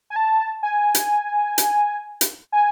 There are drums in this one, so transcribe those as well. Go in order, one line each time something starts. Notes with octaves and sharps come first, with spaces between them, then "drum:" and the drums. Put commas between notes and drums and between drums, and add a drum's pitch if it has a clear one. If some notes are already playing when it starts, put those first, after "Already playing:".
G#5
A5
G#5
drum: hi-hat
drum: hi-hat
drum: hi-hat
G#5